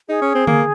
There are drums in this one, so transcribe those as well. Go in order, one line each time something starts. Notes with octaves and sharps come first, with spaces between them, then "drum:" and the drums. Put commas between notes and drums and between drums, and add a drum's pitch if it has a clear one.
D#4 G#4
C#4
C4
A#3, drum: tom D3